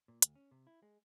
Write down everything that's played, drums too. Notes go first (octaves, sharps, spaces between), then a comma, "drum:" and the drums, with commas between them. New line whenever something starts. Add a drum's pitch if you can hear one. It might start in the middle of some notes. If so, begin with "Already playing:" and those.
A#2
D2, drum: hi-hat
C#4
C3
E4
G#3